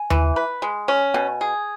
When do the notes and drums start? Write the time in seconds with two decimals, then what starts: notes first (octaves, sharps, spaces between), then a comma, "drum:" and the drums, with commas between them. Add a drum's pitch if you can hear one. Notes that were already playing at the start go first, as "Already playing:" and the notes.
Already playing: G#5
0.10 E3, drum: tom D#2
0.36 B4
0.62 G#3
0.88 C#4
1.14 B2 G#5
1.41 G#4